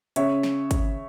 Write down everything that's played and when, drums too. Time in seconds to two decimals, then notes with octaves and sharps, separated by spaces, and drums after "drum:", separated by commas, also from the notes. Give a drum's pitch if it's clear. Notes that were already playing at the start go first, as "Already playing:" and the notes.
0.16 C#3 C#5 E5, drum: hi-hat
0.43 drum: snare
0.71 drum: kick G#1, hi-hat